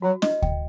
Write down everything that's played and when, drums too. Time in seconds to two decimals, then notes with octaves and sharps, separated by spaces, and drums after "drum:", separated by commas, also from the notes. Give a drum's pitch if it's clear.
0.02 F#3 F#4
0.22 D#5, drum: snare
0.42 G5, drum: kick D2